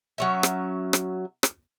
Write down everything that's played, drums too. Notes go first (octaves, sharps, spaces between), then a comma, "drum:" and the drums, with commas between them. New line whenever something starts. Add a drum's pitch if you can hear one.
F#3 C#4 E5
drum: rim click
drum: rim click
drum: rim click